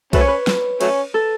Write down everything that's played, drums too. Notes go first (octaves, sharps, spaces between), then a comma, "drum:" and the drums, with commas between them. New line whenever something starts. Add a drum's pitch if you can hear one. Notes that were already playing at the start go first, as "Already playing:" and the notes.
F#3 A3 C#4 B4, drum: kick B1, cymbal
C#5
B4
drum: snare
F#3 A3 C#4, drum: cymbal
A4